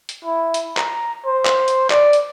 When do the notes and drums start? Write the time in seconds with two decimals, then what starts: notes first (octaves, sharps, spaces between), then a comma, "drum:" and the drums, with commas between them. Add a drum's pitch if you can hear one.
0.09 drum: hi-hat
0.24 E4
0.54 drum: hi-hat
0.77 A#5, drum: clap
1.26 C5
1.45 drum: clap
1.68 drum: hi-hat
1.90 D5, drum: clap
2.13 drum: hi-hat